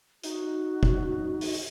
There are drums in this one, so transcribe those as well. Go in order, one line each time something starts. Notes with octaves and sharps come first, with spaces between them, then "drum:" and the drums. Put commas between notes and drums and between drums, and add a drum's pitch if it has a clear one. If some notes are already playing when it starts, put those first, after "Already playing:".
D#4 F#4, drum: hi-hat
drum: kick F#1
drum: open hi-hat